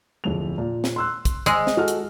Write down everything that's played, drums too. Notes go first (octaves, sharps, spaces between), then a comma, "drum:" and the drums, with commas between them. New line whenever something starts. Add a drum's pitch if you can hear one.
D1 F2 F7
A#2
drum: snare
C6 E6 F#6
drum: kick, hi-hat
G#3 E6, drum: hi-hat
drum: snare
F#4 A4 F6
drum: hi-hat